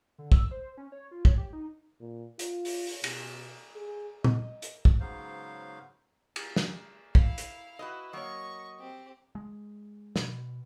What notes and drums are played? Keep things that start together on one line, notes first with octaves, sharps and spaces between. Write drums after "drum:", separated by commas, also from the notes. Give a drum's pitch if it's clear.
D3
E6, drum: kick
C5
C#4
C#5
F4
C#5, drum: kick
G4
D#4
A#2
F4, drum: hi-hat
drum: open hi-hat
drum: open hi-hat
B2, drum: cymbal
G#4
D#5, drum: tom A#2
drum: hi-hat
drum: kick
G#2 C#3 F#3 B3 C5 F5
drum: cymbal
drum: snare
E4 F5, drum: kick
drum: hi-hat
E4 F#4 B4 D#5
F#3 A#3 C#5 D#5 C#6
C4 G4
G#3
B2, drum: snare